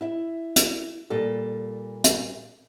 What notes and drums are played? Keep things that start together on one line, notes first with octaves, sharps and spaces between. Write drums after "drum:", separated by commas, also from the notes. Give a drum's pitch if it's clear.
E4 E5
drum: hi-hat
A#2 G3 A4
drum: hi-hat